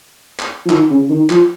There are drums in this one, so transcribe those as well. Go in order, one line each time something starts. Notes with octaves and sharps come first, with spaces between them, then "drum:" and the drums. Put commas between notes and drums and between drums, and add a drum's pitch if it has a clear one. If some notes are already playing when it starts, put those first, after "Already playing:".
drum: clap
F3
D#3, drum: clap
C#3
D#3
F3, drum: clap